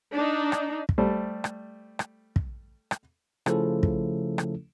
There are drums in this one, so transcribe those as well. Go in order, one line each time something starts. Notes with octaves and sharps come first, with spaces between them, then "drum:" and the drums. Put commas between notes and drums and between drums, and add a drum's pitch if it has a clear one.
D4 D#4
drum: rim click
drum: kick
G3 A3 C5
drum: rim click
drum: rim click
drum: kick
drum: rim click
C#3 F3 A3 C#4 E4 A4, drum: rim click
drum: kick
drum: rim click